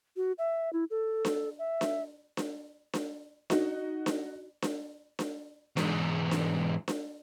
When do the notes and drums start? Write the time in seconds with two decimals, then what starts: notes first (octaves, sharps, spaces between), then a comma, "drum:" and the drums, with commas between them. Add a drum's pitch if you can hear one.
0.17 F#4
0.38 E5
0.73 E4
0.90 A4
1.25 drum: snare D4
1.59 E5
1.81 drum: snare D4
2.37 drum: snare D4
2.93 drum: snare D4
3.50 D#4 F#4, drum: snare D4
4.06 drum: snare D4
4.62 drum: snare D4
5.19 drum: snare D4
5.77 E2 G#2, drum: snare D4
6.31 drum: snare D4
6.88 drum: snare D4